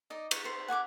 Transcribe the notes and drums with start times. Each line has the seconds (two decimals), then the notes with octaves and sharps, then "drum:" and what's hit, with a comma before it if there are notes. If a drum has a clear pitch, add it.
0.10 D#4 D5 D#5
0.31 C#6, drum: cymbal
0.44 C5 C#6
0.68 F#5 G#5 C#6 D6